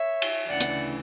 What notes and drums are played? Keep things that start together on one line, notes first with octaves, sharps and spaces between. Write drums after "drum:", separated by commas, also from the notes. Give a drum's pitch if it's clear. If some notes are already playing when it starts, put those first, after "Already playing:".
Already playing: C#5 E5
drum: cymbal
D2 C#3 E3 D5 F#5
drum: hi-hat